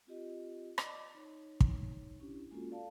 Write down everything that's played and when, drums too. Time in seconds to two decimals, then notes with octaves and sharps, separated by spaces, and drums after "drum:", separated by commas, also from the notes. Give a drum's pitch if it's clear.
0.07 C4 F4 G4 D#5
0.78 D5 D#5 A5 D6, drum: rim click
1.15 D#4 C#5
1.60 drum: kick
2.20 C#4 D4 E4 G4
2.51 G#3 A#3 C#4 F4 F#4 A4
2.70 A4 D5 F5 A5